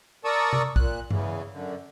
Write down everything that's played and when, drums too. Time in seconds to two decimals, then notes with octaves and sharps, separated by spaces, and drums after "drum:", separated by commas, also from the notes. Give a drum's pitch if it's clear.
0.25 A#4 D5 A5 C#6 D#6 E6
0.53 drum: tom C3
0.76 A#2 F#6, drum: kick
1.10 E2 C#3 E3, drum: tom G2
1.52 F#2 D3